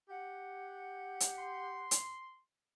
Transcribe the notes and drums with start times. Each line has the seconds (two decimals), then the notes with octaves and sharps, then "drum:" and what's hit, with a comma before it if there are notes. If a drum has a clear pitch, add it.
0.10 G4 F#5
1.20 drum: hi-hat
1.39 C6
1.91 drum: hi-hat